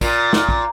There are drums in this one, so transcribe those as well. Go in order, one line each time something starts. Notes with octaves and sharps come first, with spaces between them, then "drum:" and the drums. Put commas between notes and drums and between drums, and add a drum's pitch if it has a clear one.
A#2, drum: kick, tambourine
drum: snare
drum: kick